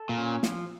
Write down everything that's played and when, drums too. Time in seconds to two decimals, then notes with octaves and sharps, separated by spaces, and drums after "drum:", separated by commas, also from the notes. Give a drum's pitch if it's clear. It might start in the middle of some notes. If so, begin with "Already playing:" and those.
Already playing: A4
0.09 A#2
0.17 C#4
0.43 F3, drum: snare